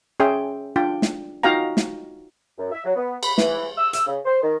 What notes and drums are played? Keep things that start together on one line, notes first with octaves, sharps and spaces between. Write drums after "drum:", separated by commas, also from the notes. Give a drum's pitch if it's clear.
C#4 G#4 E5 G5 C6
D4 F4 G5
drum: snare
D#4 F4 F#4 F5 G5 A#5
drum: snare
F#2
E5
F#3
B3
B5, drum: cymbal
E3, drum: snare
E6
E6, drum: hi-hat
C#3
C5
D#3